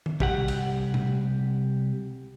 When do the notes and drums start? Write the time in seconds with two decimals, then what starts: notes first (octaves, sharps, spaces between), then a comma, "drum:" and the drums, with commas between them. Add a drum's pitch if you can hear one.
0.06 drum: tom D#3
0.20 C2 G4 F#5, drum: kick
0.48 drum: cymbal
0.94 drum: tom B2